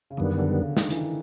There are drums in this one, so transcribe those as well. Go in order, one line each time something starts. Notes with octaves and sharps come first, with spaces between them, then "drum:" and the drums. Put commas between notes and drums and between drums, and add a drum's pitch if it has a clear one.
C#3
F#2 D3 D#3 G3 B3
D3
C#3
D#3, drum: snare
D3
E3, drum: hi-hat
D#3